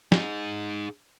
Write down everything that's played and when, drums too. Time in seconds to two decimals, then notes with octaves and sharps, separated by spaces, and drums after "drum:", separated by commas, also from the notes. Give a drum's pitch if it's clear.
0.12 D#4 G#4, drum: snare